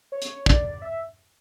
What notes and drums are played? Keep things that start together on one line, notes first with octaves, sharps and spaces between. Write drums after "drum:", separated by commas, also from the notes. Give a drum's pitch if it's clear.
C#5
drum: hi-hat
D5, drum: kick
E5